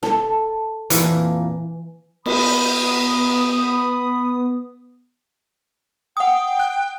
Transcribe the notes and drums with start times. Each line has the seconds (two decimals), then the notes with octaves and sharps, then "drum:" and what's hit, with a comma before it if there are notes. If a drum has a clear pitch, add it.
0.03 A4, drum: snare
0.90 F2 A#2 E3, drum: hi-hat
2.26 B3 B5 D#6, drum: cymbal
6.17 F#5 G5 D#6
6.59 F#6